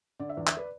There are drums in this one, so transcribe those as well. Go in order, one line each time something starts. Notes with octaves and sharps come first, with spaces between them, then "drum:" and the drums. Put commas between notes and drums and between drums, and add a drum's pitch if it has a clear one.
D3 D5
E5
E2 D5
E5, drum: clap
B4 D5